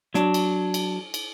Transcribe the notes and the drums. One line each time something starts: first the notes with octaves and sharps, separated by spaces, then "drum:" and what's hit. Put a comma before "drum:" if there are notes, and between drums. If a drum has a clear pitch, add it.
F#3 D4, drum: snare
drum: cymbal
drum: cymbal
drum: cymbal